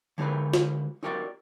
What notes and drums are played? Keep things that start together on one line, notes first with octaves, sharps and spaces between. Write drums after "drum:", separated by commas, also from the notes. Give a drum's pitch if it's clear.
D3 G#3 D#4 G4 A#4 B4
drum: snare
D#4 F#4 G4 A#4 B4 D5